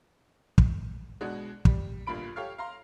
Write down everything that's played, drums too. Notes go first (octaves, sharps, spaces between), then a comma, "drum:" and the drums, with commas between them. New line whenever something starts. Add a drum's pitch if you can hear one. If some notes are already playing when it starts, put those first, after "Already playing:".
drum: kick
B2 G#3 D4 F#4
G3, drum: kick
G1 G2 A#2 F4 B5 D7
G4 A4 C#5 F5 F6
F5 A#5 C6